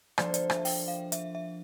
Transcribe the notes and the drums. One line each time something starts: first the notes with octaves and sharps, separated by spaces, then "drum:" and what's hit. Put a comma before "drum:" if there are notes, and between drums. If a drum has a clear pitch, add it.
F3 A#3 D4 A4 C5 D5, drum: rim click
D5, drum: hi-hat
E5, drum: rim click
G5, drum: open hi-hat
F5
E5, drum: hi-hat
E5